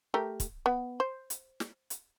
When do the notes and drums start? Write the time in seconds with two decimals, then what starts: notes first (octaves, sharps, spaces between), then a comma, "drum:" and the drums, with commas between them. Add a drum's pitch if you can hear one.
0.14 A3 G4 A#4
0.40 drum: kick, hi-hat
0.66 B3
1.00 C5
1.30 drum: hi-hat
1.60 drum: snare
1.90 drum: hi-hat